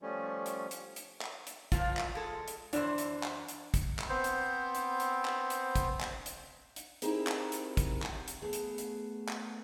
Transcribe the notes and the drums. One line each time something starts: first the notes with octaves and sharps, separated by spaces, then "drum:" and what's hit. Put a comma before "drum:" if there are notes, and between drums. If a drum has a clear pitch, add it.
F3 G3 A3 C#4
drum: hi-hat
drum: hi-hat
drum: hi-hat
drum: clap
drum: hi-hat
A#2 F3 F4, drum: kick, hi-hat
drum: clap
G#3 A4
drum: hi-hat
F#2 E3 D4 C5, drum: hi-hat
drum: hi-hat
drum: clap
drum: hi-hat
drum: kick, hi-hat
drum: clap
B3 C4 C5
drum: hi-hat
drum: hi-hat
drum: hi-hat
drum: clap
drum: hi-hat
drum: kick, hi-hat
drum: clap
drum: hi-hat
drum: hi-hat
C4 D#4 E4 G4 G#4 A#4, drum: hi-hat
drum: clap
drum: hi-hat
drum: kick, hi-hat
drum: clap
drum: hi-hat
A3 B3 G#4
drum: hi-hat
drum: hi-hat
drum: clap